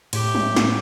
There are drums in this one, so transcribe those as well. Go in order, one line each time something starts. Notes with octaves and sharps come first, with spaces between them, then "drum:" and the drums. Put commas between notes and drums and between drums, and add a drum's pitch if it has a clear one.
A2 G4, drum: cymbal
drum: tom F#3
drum: snare